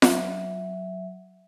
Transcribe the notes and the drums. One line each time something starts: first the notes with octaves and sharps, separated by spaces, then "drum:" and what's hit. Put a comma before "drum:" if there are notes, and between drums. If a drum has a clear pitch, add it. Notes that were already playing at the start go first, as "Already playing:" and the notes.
F#3 E5, drum: snare F4